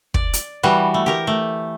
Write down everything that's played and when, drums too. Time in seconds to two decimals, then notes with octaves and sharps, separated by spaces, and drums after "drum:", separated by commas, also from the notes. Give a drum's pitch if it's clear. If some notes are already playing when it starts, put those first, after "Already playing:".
0.14 D5, drum: kick
0.33 drum: hi-hat
0.63 E3 G3 F#4
0.94 A3
1.06 G4 A#4 A#5
1.27 A3